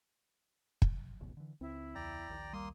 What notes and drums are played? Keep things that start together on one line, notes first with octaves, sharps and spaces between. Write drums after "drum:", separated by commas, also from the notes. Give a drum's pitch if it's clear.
drum: kick
F1 C#2 B2
D3 E3
C#2 C4 E4
E2 D5 G5 A#5
A#1 D#2
G3 A#3 C6 D#6